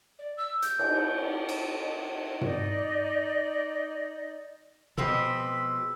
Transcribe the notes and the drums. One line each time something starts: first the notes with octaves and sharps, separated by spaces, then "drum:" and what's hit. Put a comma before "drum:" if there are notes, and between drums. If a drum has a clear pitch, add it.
D5
E6
G6, drum: hi-hat
drum: cymbal
drum: cymbal
D#4 D5 D#5, drum: tom
B2 F3 G#3 C4 B5 E6